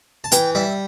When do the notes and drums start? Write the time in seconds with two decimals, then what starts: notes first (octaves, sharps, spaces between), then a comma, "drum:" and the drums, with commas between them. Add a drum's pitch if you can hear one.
0.24 A5
0.32 E3 G5, drum: hi-hat
0.55 G3 E5